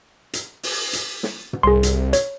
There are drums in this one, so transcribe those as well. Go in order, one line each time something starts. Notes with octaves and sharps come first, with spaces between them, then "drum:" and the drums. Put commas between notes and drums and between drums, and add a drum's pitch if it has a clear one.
drum: hi-hat
drum: open hi-hat
drum: hi-hat
drum: snare
drum: tom
C2 G#4 C6
drum: hi-hat
C#5, drum: hi-hat